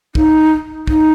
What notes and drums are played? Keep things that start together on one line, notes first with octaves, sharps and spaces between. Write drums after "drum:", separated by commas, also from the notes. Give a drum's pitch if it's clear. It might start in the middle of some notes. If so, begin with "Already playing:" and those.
D#4, drum: kick
D#4, drum: kick